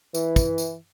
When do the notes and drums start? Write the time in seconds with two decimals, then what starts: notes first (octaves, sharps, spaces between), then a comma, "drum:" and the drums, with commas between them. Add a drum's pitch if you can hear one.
0.14 E3, drum: tambourine
0.36 drum: kick, tambourine
0.58 drum: tambourine